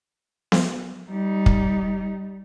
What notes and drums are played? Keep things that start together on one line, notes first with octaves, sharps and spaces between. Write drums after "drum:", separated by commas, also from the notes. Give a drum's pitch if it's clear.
drum: snare B3
G3 D#4
drum: kick